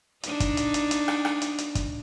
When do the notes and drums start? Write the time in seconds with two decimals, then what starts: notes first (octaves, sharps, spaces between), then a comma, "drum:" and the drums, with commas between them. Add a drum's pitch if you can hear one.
0.23 D4 D#4, drum: hi-hat
0.40 drum: kick, hi-hat
0.57 drum: hi-hat
0.74 drum: hi-hat
0.91 drum: hi-hat
1.08 drum: rim click
1.25 drum: rim click
1.42 drum: hi-hat
1.58 drum: hi-hat
1.75 drum: kick, hi-hat